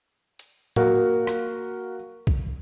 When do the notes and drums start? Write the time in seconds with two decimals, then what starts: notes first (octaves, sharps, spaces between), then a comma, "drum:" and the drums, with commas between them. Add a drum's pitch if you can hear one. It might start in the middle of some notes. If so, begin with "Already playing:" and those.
0.39 drum: hi-hat
0.76 A#3 F#4 A#4 F5, drum: tom A2
1.27 drum: rim click
2.27 drum: kick B1